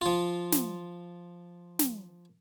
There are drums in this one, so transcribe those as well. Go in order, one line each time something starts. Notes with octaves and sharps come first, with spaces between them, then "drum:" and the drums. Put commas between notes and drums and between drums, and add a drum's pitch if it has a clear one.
F3 F4
drum: snare
drum: snare